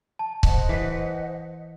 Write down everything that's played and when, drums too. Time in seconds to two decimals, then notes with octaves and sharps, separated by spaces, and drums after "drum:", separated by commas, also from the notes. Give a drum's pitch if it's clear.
0.19 A5
0.43 C5 D#5 F#5, drum: kick C#1
0.69 E3 B4